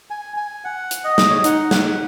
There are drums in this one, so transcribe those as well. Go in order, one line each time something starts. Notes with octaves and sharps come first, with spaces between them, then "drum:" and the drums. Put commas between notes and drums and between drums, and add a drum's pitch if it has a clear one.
G#5
G#5
F#5
drum: hi-hat
D#5
drum: snare
C#5
D#5
D#4 F#5, drum: hi-hat
F#5, drum: snare